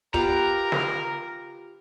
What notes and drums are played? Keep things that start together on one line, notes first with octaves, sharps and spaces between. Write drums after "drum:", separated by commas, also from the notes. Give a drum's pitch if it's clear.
B3 F4 G4 A#4 A#5, drum: kick
drum: snare